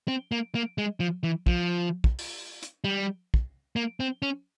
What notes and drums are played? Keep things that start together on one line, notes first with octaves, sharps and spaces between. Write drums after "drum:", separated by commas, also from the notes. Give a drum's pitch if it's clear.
C4
A#3
A#3
G#3
F3
E3
F3, drum: kick
drum: kick
drum: open hi-hat
drum: hi-hat
G3
drum: kick
A#3
C4
C#4